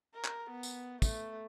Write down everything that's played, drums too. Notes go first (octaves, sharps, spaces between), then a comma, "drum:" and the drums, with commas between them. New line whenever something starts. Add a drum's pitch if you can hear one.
A#4
drum: clap
B3
drum: tambourine
A3, drum: kick, tambourine